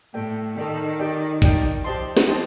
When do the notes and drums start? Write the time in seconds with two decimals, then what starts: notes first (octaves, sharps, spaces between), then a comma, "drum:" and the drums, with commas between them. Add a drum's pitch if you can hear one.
0.14 A2 A4 D5 G5
0.56 D#3 A4 D5 G5
0.99 D#4 G4 D5 G5
1.42 D#3 D#4 G4 D5 G5, drum: kick
1.84 F3 G4 C5 D#5 A5 C6
2.17 drum: snare
2.27 G4 C5 D#5 A5 C6